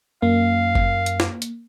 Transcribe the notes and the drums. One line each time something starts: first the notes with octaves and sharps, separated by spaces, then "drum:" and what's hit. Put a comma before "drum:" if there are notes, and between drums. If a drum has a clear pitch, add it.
F#2 A#3 F5
drum: kick F#1
drum: hi-hat
drum: snare
drum: hi-hat